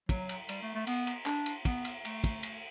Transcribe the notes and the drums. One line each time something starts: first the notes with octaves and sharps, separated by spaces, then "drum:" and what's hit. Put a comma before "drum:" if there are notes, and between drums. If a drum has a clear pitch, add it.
F#3, drum: kick, cymbal
drum: cymbal
G3, drum: cymbal
A3
A3
B3, drum: cymbal
drum: cymbal
D4, drum: clap
drum: cymbal
B3, drum: kick, cymbal
drum: cymbal
A3, drum: cymbal
drum: kick, cymbal
drum: cymbal